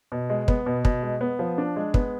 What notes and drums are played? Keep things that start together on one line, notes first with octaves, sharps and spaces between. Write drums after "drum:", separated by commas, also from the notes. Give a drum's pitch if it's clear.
B2
G#3
B3, drum: kick
B2
B2, drum: kick
G#3
B3
F3
D4
G#3
B3, drum: kick